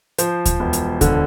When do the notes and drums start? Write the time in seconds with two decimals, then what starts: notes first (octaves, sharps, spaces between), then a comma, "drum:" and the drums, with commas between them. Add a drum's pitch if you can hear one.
0.18 F3 C5, drum: hi-hat
0.46 drum: kick D2, hi-hat
0.60 E1
0.73 drum: hi-hat
1.01 D3, drum: kick D2, hi-hat